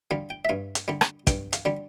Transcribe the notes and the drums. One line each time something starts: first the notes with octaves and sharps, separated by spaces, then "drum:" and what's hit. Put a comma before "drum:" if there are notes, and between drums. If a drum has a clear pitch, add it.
D3 G3 F5
G5
E5
G2 F5
drum: hi-hat
D3 G3
drum: rim click
G2 G5, drum: kick, hi-hat
F5, drum: hi-hat
D3 G3